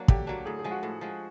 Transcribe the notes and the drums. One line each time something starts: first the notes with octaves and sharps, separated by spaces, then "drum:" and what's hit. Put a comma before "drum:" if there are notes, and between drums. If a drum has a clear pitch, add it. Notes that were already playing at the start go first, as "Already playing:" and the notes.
Already playing: F#3 A#3 D4
D3 G4, drum: kick
F#3 A#3 D4
A2 G#4
G#4
F3 G#3
F#4
A2
F3 G#3